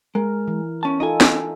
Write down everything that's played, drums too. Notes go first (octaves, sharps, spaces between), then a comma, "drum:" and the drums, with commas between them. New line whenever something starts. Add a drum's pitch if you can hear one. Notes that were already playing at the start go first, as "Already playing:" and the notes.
G#3 A#4
E3
E2 C#4 A5
D#4 F4 A4 D#5 G#5
drum: snare